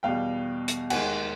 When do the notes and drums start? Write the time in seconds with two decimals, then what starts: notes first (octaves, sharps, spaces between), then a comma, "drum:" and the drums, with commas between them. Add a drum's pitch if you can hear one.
0.03 E2 B2 G3 F5 G5
0.68 drum: hi-hat
0.90 D#2 D#3 G#3 F#5 G#5, drum: cymbal